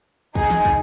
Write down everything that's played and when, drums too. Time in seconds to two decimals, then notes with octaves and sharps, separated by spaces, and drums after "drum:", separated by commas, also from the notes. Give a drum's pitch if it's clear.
0.35 D#4 G#4, drum: kick
0.50 drum: snare
0.65 drum: kick